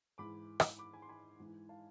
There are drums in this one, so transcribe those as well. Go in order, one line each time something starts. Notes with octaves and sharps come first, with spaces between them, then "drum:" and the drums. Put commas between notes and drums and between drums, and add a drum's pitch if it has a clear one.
G#2 E3 B5 D6
drum: rim click
B5 D6
G#5 B5
C6
G#5 B5
G#2 E3
F5 A5